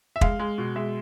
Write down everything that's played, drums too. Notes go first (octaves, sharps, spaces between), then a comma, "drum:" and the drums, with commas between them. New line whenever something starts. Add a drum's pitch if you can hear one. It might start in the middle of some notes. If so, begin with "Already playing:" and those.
E5
G#3 F5, drum: kick
G#3
B2
G#3 E5